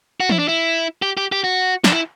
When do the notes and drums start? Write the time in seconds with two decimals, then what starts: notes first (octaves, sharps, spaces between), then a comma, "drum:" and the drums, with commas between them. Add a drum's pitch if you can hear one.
0.20 F#4
0.30 E4, drum: tom E3
0.39 D4
0.48 E4
1.02 G4
1.17 G4
1.32 G4
1.44 F#4
1.84 D4, drum: snare
1.93 E4